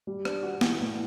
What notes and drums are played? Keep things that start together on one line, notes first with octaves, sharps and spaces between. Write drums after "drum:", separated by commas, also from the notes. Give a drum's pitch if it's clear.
G3
D4, drum: rim click
F#4
E3, drum: snare
A2